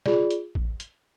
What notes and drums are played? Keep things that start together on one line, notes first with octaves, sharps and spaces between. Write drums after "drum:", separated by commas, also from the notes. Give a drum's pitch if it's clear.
F4 G#4 D5, drum: snare
drum: hi-hat
drum: kick A1
drum: hi-hat